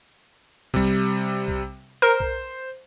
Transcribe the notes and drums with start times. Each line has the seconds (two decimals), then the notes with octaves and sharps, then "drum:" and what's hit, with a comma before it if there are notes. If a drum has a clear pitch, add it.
0.74 C3 G3, drum: kick B1
1.48 drum: kick B1
2.02 A#4 C5
2.20 drum: kick B1